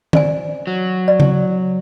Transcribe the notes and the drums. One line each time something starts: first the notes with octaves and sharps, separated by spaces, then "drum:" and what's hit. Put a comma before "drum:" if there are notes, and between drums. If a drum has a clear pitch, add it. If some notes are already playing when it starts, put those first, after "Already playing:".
C5 D5 G#5, drum: tom D#3
F#3
D5
drum: tom C#3